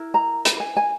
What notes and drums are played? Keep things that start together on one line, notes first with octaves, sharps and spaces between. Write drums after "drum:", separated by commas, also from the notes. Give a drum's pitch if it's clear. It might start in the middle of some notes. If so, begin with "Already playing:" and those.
Already playing: E4 A#4
A#5
B5, drum: hi-hat
G#5
G#5